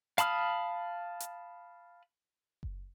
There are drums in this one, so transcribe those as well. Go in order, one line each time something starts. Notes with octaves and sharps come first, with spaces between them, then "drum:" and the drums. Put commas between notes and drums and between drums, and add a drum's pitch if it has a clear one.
F5 A5 B5 D#6 F6, drum: hi-hat
drum: hi-hat
drum: kick F#1